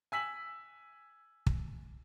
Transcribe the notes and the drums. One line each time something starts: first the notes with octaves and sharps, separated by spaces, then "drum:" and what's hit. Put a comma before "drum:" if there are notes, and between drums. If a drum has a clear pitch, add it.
G#5 E6 B6 F#7
drum: kick